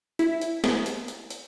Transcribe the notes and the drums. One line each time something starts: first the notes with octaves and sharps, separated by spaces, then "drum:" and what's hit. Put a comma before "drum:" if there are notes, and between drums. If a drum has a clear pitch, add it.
E4, drum: hi-hat
drum: hi-hat
drum: snare
drum: hi-hat
drum: hi-hat
drum: hi-hat